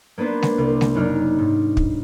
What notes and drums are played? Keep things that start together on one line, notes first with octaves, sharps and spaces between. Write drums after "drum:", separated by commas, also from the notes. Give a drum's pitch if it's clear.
A#3 B3 D4 B4 C5
drum: snare G#3
C2
drum: snare G#3
F#1 D4 D#4 F6
G#2
drum: kick